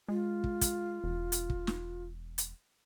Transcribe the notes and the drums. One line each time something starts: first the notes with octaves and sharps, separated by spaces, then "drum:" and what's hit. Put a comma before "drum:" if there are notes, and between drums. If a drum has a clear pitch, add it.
G#3 F4
drum: kick
drum: kick, hi-hat
E1
drum: hi-hat
drum: kick
drum: snare
drum: hi-hat